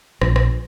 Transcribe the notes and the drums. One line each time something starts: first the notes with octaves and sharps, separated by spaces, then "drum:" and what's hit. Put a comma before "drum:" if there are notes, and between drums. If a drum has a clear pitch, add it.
A#1, drum: rim click
drum: rim click